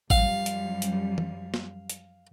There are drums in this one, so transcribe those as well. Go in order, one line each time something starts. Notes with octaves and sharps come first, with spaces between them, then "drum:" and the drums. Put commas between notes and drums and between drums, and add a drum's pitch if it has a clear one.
F#2 F3 G3 F5, drum: kick A1
drum: hi-hat
drum: hi-hat
drum: tom E3
drum: snare
drum: hi-hat